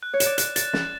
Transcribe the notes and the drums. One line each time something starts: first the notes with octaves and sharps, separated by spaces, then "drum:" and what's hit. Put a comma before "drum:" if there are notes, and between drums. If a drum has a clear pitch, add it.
F#6
C#5
E7, drum: hi-hat
D5
F#6, drum: hi-hat
A6, drum: hi-hat
A6, drum: snare